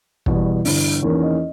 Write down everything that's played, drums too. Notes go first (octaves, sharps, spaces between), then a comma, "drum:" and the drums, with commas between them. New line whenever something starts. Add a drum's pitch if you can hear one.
E2 B2 G3, drum: kick
G1 G2 E3, drum: open hi-hat
E2 D#3 A#3 C#4
D#5